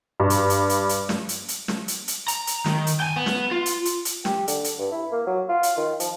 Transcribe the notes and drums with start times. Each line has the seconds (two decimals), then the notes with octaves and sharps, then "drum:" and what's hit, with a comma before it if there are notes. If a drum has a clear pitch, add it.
0.20 G2
0.30 drum: hi-hat
0.50 drum: hi-hat
0.69 drum: hi-hat
0.89 drum: hi-hat
1.09 drum: snare
1.29 drum: hi-hat
1.48 drum: hi-hat
1.68 drum: snare
1.88 drum: hi-hat
2.08 drum: hi-hat
2.28 A#5, drum: hi-hat
2.47 drum: hi-hat
2.66 D#3, drum: snare
2.87 drum: hi-hat
3.00 G5 G#5
3.16 B3
3.26 drum: snare
3.51 F4
3.66 drum: hi-hat
3.85 drum: hi-hat
4.05 drum: hi-hat
4.25 G4, drum: snare
4.48 D3, drum: hi-hat
4.64 drum: hi-hat
4.79 G2
4.92 E4
5.12 A#3
5.27 F#3
5.49 F4
5.63 drum: hi-hat
5.77 D#3
6.00 F3, drum: hi-hat